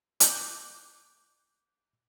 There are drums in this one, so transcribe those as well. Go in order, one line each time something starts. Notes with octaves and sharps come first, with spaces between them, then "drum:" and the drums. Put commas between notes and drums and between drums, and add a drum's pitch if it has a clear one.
D6 F#6 G6, drum: hi-hat